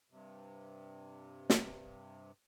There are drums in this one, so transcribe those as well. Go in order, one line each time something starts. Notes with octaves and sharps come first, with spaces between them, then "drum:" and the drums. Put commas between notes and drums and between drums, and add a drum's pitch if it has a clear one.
G2 C3
drum: snare